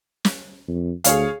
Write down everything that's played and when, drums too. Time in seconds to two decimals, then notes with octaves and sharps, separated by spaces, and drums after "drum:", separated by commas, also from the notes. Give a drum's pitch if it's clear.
0.25 drum: snare
0.68 F2
1.04 D2 G#4 C#5 F5, drum: hi-hat